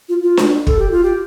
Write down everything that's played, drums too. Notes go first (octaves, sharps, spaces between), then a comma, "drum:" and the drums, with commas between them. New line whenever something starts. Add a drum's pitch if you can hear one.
F4
F4
drum: snare D4
A4, drum: kick
G4
F4
G4